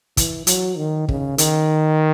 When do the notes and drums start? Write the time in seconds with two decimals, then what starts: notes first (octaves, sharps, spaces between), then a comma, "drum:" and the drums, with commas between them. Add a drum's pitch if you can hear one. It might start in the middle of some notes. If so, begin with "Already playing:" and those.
0.17 E3, drum: kick, hi-hat
0.47 F#3, drum: hi-hat
0.77 D#3
1.09 C#3, drum: kick
1.38 D#3, drum: hi-hat